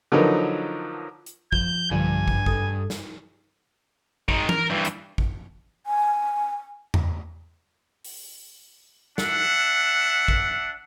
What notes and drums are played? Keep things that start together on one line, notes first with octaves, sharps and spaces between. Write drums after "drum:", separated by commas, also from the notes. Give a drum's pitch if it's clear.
D3 F3 F#3 D#4 A#4 B4
drum: hi-hat
F3 G6, drum: kick
B1 G2 D3 F3 G#5
drum: kick
A4 D#6, drum: kick
drum: snare
D#3 G#3, drum: kick
A#4, drum: tom E3
G2 E3
drum: hi-hat
drum: kick
G#5
drum: tom E2
drum: open hi-hat
D4 E5 F#5, drum: snare
drum: kick